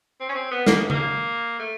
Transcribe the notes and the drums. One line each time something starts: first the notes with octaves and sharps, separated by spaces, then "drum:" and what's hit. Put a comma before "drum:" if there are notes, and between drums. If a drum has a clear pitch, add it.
C4
C#4
C4
B3
A#3, drum: snare
B3
A#3, drum: tom C#3
A3